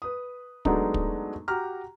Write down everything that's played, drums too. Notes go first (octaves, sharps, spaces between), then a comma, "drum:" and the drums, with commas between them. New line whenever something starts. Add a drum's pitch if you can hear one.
B4 D#6
F#3 G#3 A3 B3 D4 D#4, drum: kick
drum: kick
F#4 G4 A#5 F6